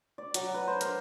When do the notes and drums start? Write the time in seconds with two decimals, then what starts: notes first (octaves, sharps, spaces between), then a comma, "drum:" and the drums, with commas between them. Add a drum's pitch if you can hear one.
0.18 D5
0.34 F#3, drum: hi-hat
0.54 B4
0.67 C5
0.81 A#4, drum: hi-hat